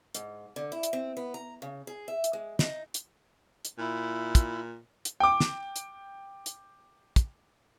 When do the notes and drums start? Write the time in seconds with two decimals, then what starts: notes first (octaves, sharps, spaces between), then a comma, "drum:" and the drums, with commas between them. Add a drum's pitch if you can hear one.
0.15 G#2, drum: hi-hat
0.56 D3
0.72 E4
0.83 drum: hi-hat
0.93 C4
1.17 B3
1.34 A#5
1.62 C#3
1.87 G#4
2.08 E5
2.24 drum: hi-hat
2.33 G#3
2.59 D#4, drum: snare
2.94 drum: hi-hat
3.65 drum: hi-hat
3.79 A#2 E4
4.35 drum: kick, hi-hat
5.05 drum: hi-hat
5.20 G5 D6
5.40 drum: snare
5.76 drum: hi-hat
6.46 drum: hi-hat
7.16 drum: kick, hi-hat